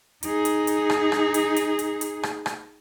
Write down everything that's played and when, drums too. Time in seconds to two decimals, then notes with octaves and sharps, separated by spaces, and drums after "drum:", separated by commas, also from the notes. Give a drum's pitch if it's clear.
0.23 D#4 G#4, drum: hi-hat
0.45 drum: hi-hat
0.67 drum: hi-hat
0.90 drum: rim click
1.12 drum: rim click
1.34 drum: hi-hat
1.56 drum: hi-hat
1.79 drum: hi-hat
2.01 drum: hi-hat
2.23 drum: rim click
2.46 drum: rim click